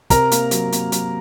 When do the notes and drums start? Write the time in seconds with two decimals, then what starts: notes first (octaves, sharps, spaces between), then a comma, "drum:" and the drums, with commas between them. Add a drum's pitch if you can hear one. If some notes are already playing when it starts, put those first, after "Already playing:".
0.10 C3 A#4 A#5, drum: kick, hi-hat
0.31 A#3, drum: hi-hat
0.51 F#3, drum: hi-hat
0.72 A#3, drum: hi-hat
0.92 F#3, drum: hi-hat